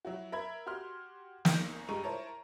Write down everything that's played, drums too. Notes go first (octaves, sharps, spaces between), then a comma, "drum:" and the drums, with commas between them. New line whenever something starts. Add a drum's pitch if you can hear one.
F#3 E4 F#4
A#4 E5 B5 G#6
F#4 G4 C6 F6
G#1 E2 D#4 E6 A#6, drum: snare
G2 G#3 G4 A#5 C#6 D#7
E4 A#4 C5 C#5 A5 A#5